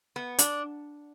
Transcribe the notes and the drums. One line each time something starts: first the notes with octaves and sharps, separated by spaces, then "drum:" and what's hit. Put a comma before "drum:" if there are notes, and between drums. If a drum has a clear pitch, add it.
B3
D4, drum: hi-hat